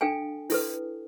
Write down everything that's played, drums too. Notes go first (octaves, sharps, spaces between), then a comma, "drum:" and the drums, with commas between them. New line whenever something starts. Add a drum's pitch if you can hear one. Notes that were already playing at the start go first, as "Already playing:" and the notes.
D4 A4 F5 G5 G#5
E4 A4 B4, drum: open hi-hat